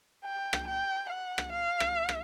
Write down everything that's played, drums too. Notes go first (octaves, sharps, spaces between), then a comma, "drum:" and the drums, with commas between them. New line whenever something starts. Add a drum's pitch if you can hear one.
G5
drum: rim click
G5
F#5
drum: rim click
F5
drum: rim click
drum: rim click